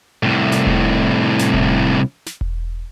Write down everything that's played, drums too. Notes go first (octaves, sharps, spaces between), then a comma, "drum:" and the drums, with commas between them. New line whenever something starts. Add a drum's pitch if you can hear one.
C2 A2
drum: snare
drum: kick E1
drum: snare
drum: kick E1
drum: snare
drum: kick E1